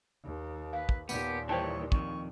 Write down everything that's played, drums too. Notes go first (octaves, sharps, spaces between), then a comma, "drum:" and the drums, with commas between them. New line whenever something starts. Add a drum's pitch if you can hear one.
D#2
B4 F5
drum: kick
D#2 A#2 B3 G4, drum: tambourine
D#3 E3 G3 C5 C#5 G5 A5
F2 D#3 C#6, drum: kick